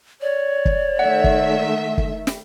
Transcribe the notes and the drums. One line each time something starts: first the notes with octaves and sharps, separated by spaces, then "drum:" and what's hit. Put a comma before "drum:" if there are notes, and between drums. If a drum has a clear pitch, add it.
C#5 D5
drum: kick
D#3 A3 E5 F#5
drum: kick
drum: kick
drum: snare